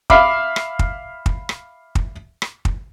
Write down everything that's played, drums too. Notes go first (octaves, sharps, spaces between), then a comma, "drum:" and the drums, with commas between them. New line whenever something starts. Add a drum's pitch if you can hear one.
E5 F5 B5 D6, drum: kick
drum: rim click
drum: kick
drum: kick
drum: rim click
drum: kick
drum: rim click
drum: kick